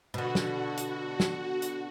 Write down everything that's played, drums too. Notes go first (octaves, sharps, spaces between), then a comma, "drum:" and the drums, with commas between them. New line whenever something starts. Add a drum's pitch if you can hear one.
B2 D3 F#4
drum: snare
drum: hi-hat
drum: snare
drum: hi-hat